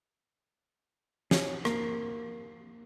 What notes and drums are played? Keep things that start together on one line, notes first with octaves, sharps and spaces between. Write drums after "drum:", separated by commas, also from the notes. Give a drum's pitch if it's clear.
C#4, drum: snare
A#3, drum: rim click